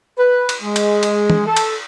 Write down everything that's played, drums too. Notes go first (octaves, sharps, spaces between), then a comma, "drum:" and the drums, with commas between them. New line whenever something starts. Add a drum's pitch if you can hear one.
B4
drum: cymbal
G#3
drum: cymbal
drum: cymbal
drum: tom E3
A4
drum: cymbal